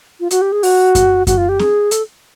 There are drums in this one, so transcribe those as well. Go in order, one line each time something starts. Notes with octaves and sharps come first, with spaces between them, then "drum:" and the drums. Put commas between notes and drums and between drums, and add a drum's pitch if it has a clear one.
F4
F#4, drum: hi-hat
G4
G#4
F#4, drum: open hi-hat
drum: kick F#2, hi-hat
F#4, drum: kick F#2, hi-hat
F4
G4
G#4, drum: snare C4
A4, drum: hi-hat